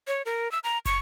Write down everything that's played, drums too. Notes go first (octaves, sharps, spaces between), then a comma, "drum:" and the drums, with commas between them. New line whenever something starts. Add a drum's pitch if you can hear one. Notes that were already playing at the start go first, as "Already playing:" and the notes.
C#5
A#4
E6
A#5
C#6, drum: kick, hi-hat